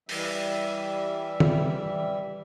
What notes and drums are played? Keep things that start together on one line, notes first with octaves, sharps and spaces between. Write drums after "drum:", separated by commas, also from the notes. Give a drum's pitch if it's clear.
E3 G3 E5, drum: open hi-hat
drum: tom D#3